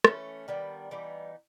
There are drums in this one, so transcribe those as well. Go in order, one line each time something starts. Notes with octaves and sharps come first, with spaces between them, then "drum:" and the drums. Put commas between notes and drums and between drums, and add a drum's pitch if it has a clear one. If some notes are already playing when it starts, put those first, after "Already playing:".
E3 A3 C#4, drum: rim click
D#3 G3 B3 D4
E3 G3 B3 D#4